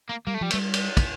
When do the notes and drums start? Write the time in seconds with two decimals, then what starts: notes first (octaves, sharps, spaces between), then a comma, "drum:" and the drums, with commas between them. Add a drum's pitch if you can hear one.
0.09 A#3
0.27 G3 A#3
0.34 A3
0.41 F3 G3
0.50 A3, drum: cymbal
0.54 G3
0.74 drum: cymbal
0.97 drum: kick, cymbal